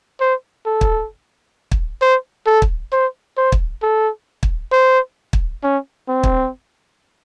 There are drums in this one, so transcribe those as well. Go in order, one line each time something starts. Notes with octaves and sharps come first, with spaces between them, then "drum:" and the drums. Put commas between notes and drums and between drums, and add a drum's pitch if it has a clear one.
C5
A4
drum: kick
drum: kick
C5
A4
drum: kick
C5
C5
drum: kick
A4
drum: kick
C5
drum: kick
C#4
C4
drum: kick